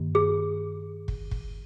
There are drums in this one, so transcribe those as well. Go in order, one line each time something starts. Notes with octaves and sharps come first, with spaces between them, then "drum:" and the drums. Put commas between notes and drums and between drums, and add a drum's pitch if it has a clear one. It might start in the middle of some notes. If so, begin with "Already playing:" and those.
Already playing: G2 D#3 A#3
G#4
drum: kick
drum: kick